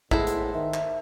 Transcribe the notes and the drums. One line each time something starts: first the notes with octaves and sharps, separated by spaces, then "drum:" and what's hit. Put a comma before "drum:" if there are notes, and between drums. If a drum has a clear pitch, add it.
A2 G#3 B3 E4 G#4 A4 C5, drum: kick
drum: hi-hat
D#3 E5
drum: clap